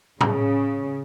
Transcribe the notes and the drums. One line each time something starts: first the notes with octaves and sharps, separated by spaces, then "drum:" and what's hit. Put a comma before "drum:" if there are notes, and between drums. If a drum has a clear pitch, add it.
C#3, drum: tom A2